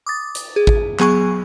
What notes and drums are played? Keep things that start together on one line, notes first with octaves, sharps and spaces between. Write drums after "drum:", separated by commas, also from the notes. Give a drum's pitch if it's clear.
D6 D#6 A6
drum: hi-hat
G#4
drum: kick
F#3 B3 G#4 G#5 C#6, drum: clap